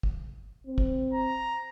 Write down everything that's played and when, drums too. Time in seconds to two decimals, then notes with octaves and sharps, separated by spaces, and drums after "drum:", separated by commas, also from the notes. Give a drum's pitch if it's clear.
0.03 drum: kick
0.67 C4
0.78 drum: kick
1.14 A#5